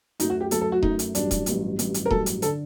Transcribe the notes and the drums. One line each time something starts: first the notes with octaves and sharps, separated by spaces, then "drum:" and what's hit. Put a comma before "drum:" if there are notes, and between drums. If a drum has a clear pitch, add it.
F#2 F#3 A3 D#4, drum: hi-hat
F#4
G4
F#2 F#3 A3 A4, drum: hi-hat
A4
F#4
F#2 F#3 A3 D#4, drum: kick D#1
drum: hi-hat
A1 G2 F#3 D4, drum: hi-hat
drum: kick D#1, hi-hat
A1 G2 F#3, drum: hi-hat
A1 G2 F#3, drum: hi-hat
drum: hi-hat
A#4
A1 G2 F#3 A4, drum: kick D#1
drum: hi-hat
D3 A4, drum: hi-hat